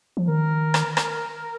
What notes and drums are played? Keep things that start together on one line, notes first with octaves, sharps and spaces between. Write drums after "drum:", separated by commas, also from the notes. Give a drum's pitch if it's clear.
F3
D#3 A#4
drum: rim click
drum: rim click